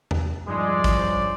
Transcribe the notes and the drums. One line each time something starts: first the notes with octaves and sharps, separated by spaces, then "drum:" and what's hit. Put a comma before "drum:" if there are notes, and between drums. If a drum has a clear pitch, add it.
drum: tom E2
G2 F3 G#3 D#4 D5
drum: kick, hi-hat
C#3 C5